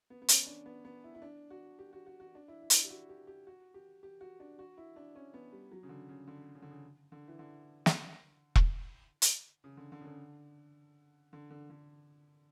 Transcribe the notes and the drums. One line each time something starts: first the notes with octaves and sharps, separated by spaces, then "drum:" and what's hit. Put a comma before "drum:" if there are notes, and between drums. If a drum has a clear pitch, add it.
B3
B3
C#4, drum: hi-hat
D4
B3
B3
E4
E4
D4
F#4
G4
F#4
F#4
F#4
D4
E4
E4
D4, drum: hi-hat
E4
G4
F#4
G4
G4
F#4
G4
G4
F#4
D4
F#4
E4
D4
C#4
B3
G3
F#3
C#3
D3
C#3
D3
C#3
D3
C#3
D3
E3
D3
drum: snare
drum: kick E1
drum: hi-hat
C#3
D3
D3
C#3
D3
D3
D3
D3